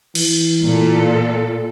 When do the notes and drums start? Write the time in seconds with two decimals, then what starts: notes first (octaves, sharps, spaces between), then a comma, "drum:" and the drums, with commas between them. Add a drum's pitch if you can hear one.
0.15 E3, drum: cymbal
0.64 A#2 A4